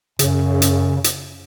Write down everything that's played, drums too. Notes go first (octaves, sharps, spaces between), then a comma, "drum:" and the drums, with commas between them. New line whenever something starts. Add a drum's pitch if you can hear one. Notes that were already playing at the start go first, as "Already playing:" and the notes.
F#2 C#3, drum: hi-hat
drum: hi-hat
drum: hi-hat